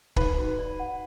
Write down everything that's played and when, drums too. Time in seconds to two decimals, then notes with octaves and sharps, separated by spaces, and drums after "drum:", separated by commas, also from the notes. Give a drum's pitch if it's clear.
0.16 D#4 B4, drum: kick
0.38 F#4
0.59 D5
0.79 F#5